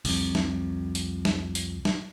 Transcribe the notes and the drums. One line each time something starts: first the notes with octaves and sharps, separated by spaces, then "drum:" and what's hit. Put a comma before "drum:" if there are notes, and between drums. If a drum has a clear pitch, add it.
C2 F2, drum: open hi-hat
drum: snare
drum: hi-hat
drum: snare
drum: hi-hat
drum: snare